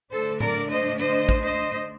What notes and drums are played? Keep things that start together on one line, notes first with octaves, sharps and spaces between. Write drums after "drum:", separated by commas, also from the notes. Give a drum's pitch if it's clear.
D3 A3 D4 A4 C5
A#4 D5, drum: tom A2
C5 D#5
C5 D#5
drum: kick
C5 D#5